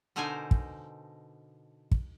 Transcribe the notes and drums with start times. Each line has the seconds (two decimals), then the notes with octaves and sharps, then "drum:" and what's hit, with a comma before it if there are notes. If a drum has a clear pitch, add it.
0.16 B2 D3 D#4 A#4 C5 G#5
0.51 drum: kick
1.91 drum: kick